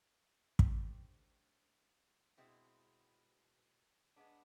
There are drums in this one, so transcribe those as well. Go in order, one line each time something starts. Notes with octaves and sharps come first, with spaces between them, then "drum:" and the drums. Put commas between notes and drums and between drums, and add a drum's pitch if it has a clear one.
A3 D4 G4 C5, drum: kick
B2 G#3 C4 E4
G#3 B3 D4